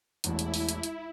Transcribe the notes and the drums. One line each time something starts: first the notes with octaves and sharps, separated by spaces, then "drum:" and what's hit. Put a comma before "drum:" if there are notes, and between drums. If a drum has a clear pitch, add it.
E1 A1 E2 E4, drum: hi-hat
drum: hi-hat
drum: open hi-hat
drum: hi-hat
drum: hi-hat